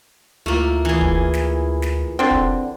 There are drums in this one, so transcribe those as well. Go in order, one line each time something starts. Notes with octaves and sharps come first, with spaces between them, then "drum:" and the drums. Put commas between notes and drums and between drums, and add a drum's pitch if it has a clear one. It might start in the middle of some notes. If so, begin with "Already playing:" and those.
D2 A3 A#3 E4 F4 F6
E3 G#4
drum: kick
drum: snare
drum: snare
D3 C4
drum: kick